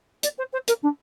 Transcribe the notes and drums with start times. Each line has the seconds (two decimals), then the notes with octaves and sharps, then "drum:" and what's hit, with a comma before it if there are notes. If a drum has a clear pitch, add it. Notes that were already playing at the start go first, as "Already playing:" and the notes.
0.23 D5, drum: hi-hat
0.38 C5
0.53 C5
0.68 A#4, drum: hi-hat
0.83 D4